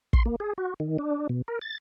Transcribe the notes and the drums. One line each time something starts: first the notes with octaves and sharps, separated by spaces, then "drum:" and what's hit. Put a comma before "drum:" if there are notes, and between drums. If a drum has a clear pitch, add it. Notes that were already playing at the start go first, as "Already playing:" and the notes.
C6, drum: kick
A#3
G#4
F#4
D#3
D4
B2
A#4
A6